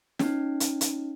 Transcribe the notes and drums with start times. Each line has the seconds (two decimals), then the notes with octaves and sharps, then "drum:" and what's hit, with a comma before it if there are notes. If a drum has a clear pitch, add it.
0.19 C#4 D#4, drum: snare
0.60 drum: hi-hat
0.81 drum: hi-hat